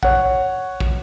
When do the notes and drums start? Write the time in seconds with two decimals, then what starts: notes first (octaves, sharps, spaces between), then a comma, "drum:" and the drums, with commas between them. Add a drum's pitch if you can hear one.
0.03 C#5 F#5, drum: kick
0.80 drum: kick